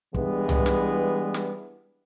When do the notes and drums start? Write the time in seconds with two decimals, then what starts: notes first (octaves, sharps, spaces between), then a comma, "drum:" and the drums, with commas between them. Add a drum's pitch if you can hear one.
0.15 E3 G3 G#3 B3 D4 E4, drum: kick
0.49 drum: tom C2
0.66 drum: snare
1.34 drum: snare